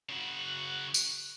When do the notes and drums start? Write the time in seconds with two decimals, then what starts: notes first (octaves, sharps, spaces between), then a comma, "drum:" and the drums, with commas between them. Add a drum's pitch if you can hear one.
0.09 C#3 F#4
0.94 drum: tambourine